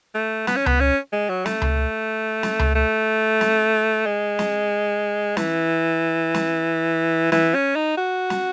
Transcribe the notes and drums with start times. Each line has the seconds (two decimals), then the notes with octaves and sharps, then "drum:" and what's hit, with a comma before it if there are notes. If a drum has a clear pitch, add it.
0.15 A3
0.47 B3, drum: snare
0.56 C#4
0.66 B3, drum: tom C#2
0.80 C#4
1.13 G#3
1.29 F#3
1.46 A3, drum: snare
1.62 drum: tom C#2
2.43 drum: snare
2.59 drum: tom C#2
2.75 A3
3.41 drum: snare
4.06 G#3
4.39 drum: snare
5.37 E3, drum: snare
6.34 drum: snare
7.32 E3, drum: snare
7.55 C#4
7.75 D#4
7.97 F#4
8.30 drum: snare